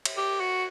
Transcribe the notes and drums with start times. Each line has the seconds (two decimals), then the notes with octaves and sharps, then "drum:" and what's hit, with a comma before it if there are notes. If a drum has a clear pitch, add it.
0.05 drum: cymbal
0.17 G4
0.40 F#4